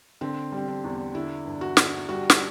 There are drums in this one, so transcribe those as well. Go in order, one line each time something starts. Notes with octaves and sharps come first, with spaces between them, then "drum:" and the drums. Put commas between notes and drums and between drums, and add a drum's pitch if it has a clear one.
D3 C4
G3 C4
D4
E2
D3 E4
G2
F#4
D3, drum: snare
G3 F#4
drum: snare